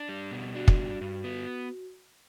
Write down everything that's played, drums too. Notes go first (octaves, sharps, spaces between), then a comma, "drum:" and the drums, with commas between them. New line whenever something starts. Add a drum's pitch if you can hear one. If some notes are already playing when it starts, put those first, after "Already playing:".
Already playing: D4
G3
B2
D4 F#4
drum: kick
G2
G2
B3